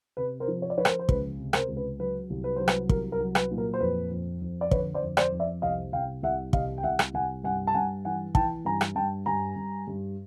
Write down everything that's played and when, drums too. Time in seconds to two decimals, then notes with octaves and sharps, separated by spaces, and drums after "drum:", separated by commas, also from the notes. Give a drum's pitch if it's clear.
0.17 C3 B4
0.40 A#4 C5
0.48 F3
0.62 C#5
0.70 D5
0.77 F3 B4 C#5
0.85 A#4 C5, drum: rim click
0.99 C5
1.09 C#2 B4, drum: kick
1.39 C3
1.53 A#4 C5, drum: rim click
1.68 C#2
1.77 B4
1.99 F#3 B4
2.30 C2
2.44 B4
2.56 F#3 C5
2.68 B4, drum: rim click
2.89 C2 A#4, drum: kick
3.12 A#4
3.21 F#3
3.35 B4, drum: rim click
3.51 A#2
3.58 A#4
3.73 C5
3.80 F2 B4
4.11 F2
4.41 F2
4.61 D5
4.71 D3 B4 C#5, drum: kick
4.94 C5 D5
5.02 F2
5.17 C5 D5, drum: rim click
5.32 F2
5.39 D5 E5
5.62 C2 D#5 F5
5.92 C2 F5 G5
6.23 C2 E5 F#5
6.53 C2 D#5 F5, drum: kick
6.78 G5
6.83 C2 E5 F#5
6.99 drum: rim click
7.14 C2 F#5 G#5
7.44 G2 F#5 G#5
7.67 A5
7.74 G2 F#5 G#5
8.05 E3 F#5 G#5
8.35 E3 G5 A5, drum: kick
8.65 G2 G#5 A#5
8.81 drum: rim click
8.95 G2 G5 A5
9.26 G2 G#5 A#5
9.56 G2
9.87 G2